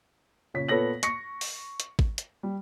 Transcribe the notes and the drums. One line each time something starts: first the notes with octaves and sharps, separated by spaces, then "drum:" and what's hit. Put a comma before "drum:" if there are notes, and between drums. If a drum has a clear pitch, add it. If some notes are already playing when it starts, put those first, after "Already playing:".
A#2 C#3 C#5 B6
A#2 B3 A4 C#5 A#6 F#7
C#6 A#6 C#7, drum: hi-hat
drum: open hi-hat
drum: hi-hat
drum: kick G#1
drum: hi-hat
G3